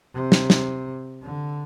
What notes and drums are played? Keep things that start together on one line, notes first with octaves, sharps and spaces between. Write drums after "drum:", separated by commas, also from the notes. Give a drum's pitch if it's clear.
C3
drum: snare
drum: snare
D3